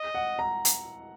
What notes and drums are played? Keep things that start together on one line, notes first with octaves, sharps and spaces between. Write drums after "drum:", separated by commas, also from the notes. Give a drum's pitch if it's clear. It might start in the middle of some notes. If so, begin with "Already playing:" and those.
Already playing: D#5
F#5
A#5
drum: hi-hat